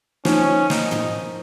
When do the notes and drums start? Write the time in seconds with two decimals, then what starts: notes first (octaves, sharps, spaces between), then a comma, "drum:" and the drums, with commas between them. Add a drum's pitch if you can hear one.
0.25 D#3 F3 C#4, drum: snare
0.70 D#4, drum: snare
0.91 drum: tom